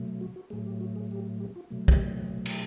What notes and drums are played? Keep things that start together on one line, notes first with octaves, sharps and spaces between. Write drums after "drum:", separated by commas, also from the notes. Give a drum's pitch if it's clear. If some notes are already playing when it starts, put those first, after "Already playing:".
Already playing: B2 F#3 A3
F#4
F#4
A2 F#3 A3 G#4
G4
F#4
G#4
G4
G4
F4
B2 F#3 A3
G4, drum: kick
drum: cymbal